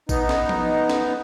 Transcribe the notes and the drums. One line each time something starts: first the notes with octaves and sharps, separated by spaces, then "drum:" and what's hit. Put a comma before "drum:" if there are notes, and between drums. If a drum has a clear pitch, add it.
B3 D#4, drum: kick A1, tambourine
drum: snare
drum: tom F3
drum: snare